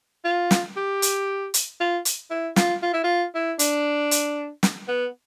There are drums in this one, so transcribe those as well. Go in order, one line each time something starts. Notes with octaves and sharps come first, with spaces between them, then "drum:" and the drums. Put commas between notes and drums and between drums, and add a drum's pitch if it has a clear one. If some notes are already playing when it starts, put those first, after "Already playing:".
F4
drum: snare
G4
drum: hi-hat
drum: hi-hat
F4
drum: hi-hat
E4
F4, drum: snare
F4
E4
F4
E4
D4, drum: hi-hat
drum: hi-hat
drum: snare
B3